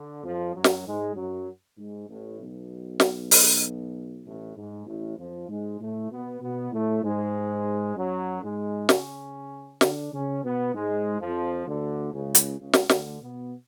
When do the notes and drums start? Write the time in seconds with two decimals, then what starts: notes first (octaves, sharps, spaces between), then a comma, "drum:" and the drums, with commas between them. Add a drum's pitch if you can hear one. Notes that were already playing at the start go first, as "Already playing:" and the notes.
Already playing: D3
0.23 F2 F3
0.54 F#2 F#3
0.64 drum: snare
0.85 G#2 G#3
1.16 F#2 F#3
1.78 G#2
2.08 A1 A2
2.40 B1 B2
3.00 drum: snare
3.31 drum: open hi-hat
4.25 A1 A2
4.56 G#2
4.87 A1 A2
5.18 F2 F3
5.49 G#2 G#3
5.80 A2 A3
6.11 B2 B3
6.41 B2 B3
6.72 A2 A3
7.03 G#2 G#3
7.95 F#2 F#3
8.42 G#2 G#3
8.89 C#3 C#4, drum: snare
9.81 D3 D4, drum: snare
10.12 C#3 C#4
10.43 B2 B3
10.73 G#2 G#3
11.20 F2 F3
11.66 D2 D3
12.12 C#2 C#3
12.35 drum: hi-hat
12.59 C#2 C#3
12.73 drum: snare
12.89 D2 D3, drum: snare
13.21 B2 B3